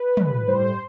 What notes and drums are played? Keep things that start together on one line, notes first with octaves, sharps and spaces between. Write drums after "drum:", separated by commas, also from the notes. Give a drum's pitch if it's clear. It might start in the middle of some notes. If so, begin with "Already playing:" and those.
Already playing: B4
drum: tom
A2 G3 C5